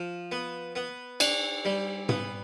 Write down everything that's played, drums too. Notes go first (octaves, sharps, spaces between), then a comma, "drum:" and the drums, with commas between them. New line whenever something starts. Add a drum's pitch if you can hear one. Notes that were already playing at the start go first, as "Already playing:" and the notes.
Already playing: F3
B3
B3
D4, drum: cymbal
G3
B3, drum: tom